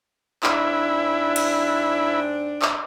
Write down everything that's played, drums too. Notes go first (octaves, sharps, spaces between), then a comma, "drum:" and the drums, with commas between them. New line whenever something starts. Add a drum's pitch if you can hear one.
G#2 C4 D4 E4, drum: clap
drum: cymbal
drum: clap